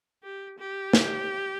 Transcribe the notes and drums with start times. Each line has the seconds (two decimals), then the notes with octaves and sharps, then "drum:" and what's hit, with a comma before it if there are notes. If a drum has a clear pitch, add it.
0.23 G4
0.59 G4
0.93 drum: snare